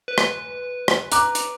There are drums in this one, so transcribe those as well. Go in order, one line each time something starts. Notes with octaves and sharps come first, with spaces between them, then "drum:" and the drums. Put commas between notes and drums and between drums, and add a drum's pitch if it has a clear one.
B4
drum: rim click
drum: rim click
A#5 D6 F#6, drum: hi-hat
drum: hi-hat